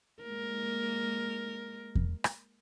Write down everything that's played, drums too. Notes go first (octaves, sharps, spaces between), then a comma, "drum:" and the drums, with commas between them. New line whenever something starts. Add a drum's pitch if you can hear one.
G#3 A#3 A#4
drum: kick E2
drum: rim click